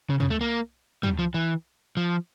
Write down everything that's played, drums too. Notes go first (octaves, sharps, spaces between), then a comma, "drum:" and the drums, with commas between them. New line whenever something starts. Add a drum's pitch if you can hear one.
C#3
C#3, drum: tom
A3
A#3
G3, drum: tom
F3
E3
F3